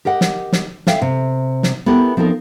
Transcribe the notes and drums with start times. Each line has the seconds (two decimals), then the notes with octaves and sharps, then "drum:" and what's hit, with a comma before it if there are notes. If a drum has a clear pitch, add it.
0.05 G4 A#4 D#5 F#5
0.21 drum: snare
0.52 drum: snare
0.87 A4 E5 F5 G5, drum: snare
1.02 C3
1.63 drum: snare
1.86 B3 E4 G4 A4 A#4
2.17 F3 C4 D#4 A4 A#4